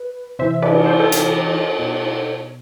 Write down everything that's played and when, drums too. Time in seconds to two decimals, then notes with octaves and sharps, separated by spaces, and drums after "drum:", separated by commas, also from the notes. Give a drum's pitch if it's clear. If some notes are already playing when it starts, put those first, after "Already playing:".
Already playing: B4
0.39 C3 E3 C5 E5
0.51 E5
0.62 B4 D5, drum: cymbal
0.86 C5
0.93 D5
1.00 A4 C5
1.12 drum: hi-hat
1.79 B2